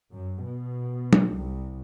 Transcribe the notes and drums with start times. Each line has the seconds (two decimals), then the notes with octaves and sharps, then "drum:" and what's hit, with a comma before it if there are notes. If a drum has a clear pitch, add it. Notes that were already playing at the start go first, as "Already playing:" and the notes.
0.13 F#2
0.45 B2
1.13 drum: tom
1.36 C2